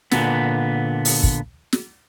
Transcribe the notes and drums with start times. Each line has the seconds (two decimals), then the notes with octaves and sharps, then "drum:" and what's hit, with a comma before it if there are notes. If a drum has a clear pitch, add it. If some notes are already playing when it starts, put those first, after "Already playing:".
0.12 A#2 D3 B3, drum: snare
1.05 drum: open hi-hat
1.23 drum: kick
1.73 drum: snare